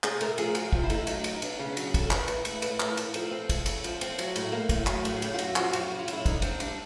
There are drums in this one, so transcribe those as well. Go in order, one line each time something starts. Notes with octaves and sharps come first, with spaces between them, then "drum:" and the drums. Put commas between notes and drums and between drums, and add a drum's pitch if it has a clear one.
C3 G#4, drum: clap
A3 A#4, drum: cymbal
F3 G#4, drum: cymbal
D2 F#4, drum: cymbal
C3 F4, drum: kick
E4
A3 D#4, drum: cymbal
F#3 D#4, drum: cymbal
D4
C#3 D#4, drum: cymbal
D#4
B3 D4, drum: cymbal
C#3 C#4
D4
F#3, drum: cymbal
G#4
C#3 A4, drum: kick, cymbal
E3 A#4, drum: clap
A2 B4, drum: cymbal
A3 B4, drum: cymbal
A2 B4, drum: cymbal
E3, drum: clap
A#4
A2, drum: cymbal
F3 A4, drum: cymbal
C4
G#3, drum: kick, cymbal
C#3, drum: cymbal
F3, drum: cymbal
C4, drum: cymbal
F#3, drum: cymbal
A2, drum: cymbal
A#3
A2, drum: kick, cymbal
F#3, drum: clap
A2, drum: cymbal
G#4
C#3 G4, drum: cymbal
F4
F#2 F#4, drum: cymbal
F3 F#4, drum: clap
F#4
F#2 G4, drum: cymbal
C#3 F#4
F4
F#2, drum: cymbal
E4
D3 D#4, drum: kick, cymbal
C4 D4, drum: cymbal
G3 D4, drum: cymbal